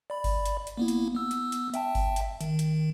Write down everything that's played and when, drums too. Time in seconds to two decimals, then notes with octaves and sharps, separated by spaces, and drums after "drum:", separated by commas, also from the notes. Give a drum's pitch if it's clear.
0.10 D5 B5
0.24 drum: kick G1, open hi-hat
0.46 drum: hi-hat
0.67 drum: hi-hat
0.77 A#3 B3 E4
0.88 drum: hi-hat
1.15 B3 E6
1.31 drum: hi-hat
1.52 drum: hi-hat
1.74 E5 G5 A5, drum: hi-hat
1.95 drum: kick G1, open hi-hat
2.16 drum: hi-hat
2.41 D#3, drum: hi-hat
2.59 drum: hi-hat